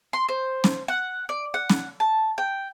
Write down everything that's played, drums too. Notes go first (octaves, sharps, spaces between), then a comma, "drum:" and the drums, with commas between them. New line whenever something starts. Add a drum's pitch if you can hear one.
C6
C5
drum: snare
F#5
D5
F#5
drum: snare
A5
G5